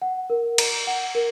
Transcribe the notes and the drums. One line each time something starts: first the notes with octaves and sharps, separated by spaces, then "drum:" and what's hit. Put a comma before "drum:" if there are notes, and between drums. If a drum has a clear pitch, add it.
F#5
A#4
A#5, drum: cymbal
F#5
A#4